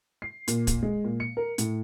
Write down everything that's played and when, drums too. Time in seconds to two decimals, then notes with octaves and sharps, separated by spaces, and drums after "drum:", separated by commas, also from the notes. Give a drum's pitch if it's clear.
0.22 C7
0.48 A#2, drum: hi-hat
0.67 drum: kick, hi-hat
0.82 G#3
1.04 A#2
1.20 C#7
1.37 A#4
1.58 A2, drum: hi-hat